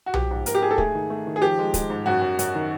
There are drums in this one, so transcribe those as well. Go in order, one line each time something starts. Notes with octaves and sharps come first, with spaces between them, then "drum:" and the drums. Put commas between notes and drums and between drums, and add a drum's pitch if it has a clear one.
F#4
F3 G4, drum: tom B1
G#2
A#3 A#4, drum: hi-hat
G4
G#2 G#4
A4
A3 G#4, drum: kick
D#3
A3
D#3
G#4
F3 G4
G#3
G#3, drum: kick, hi-hat
G#2
F#2 F#4
F#2
F#2, drum: hi-hat
D#3